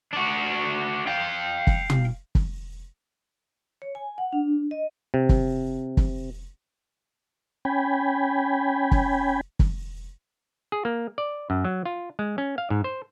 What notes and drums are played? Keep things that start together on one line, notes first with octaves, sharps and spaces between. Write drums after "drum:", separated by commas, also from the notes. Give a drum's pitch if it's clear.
D4 F#4
F5 G5
drum: kick
drum: tom
drum: kick
C#5
G#5
F#5
D4
D#5
C3
drum: kick
drum: kick
C#4 G5 G#5 B5
drum: kick
drum: kick
G#4
A#3
D5
F#2
F#3
F4
G#3
C#4
F5
G#2
C5